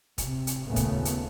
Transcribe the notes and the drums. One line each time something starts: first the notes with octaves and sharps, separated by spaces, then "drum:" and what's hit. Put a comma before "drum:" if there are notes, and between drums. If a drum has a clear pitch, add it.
C3, drum: kick, hi-hat
drum: hi-hat
D#2 A#2 C#3 A3 B3
drum: kick, hi-hat
drum: hi-hat